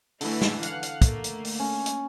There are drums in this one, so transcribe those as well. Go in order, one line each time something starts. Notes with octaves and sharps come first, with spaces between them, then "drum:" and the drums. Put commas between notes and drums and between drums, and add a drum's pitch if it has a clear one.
D3 E3 A3 E4, drum: open hi-hat
drum: snare
F5 F#5, drum: hi-hat
drum: hi-hat
A3 A#3, drum: kick, hi-hat
drum: hi-hat
drum: open hi-hat
C#4
drum: hi-hat